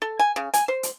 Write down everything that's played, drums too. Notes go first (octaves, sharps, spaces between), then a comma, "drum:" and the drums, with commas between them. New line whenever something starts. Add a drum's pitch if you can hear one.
A4
G#5
C#3
G#5, drum: hi-hat
C5
drum: hi-hat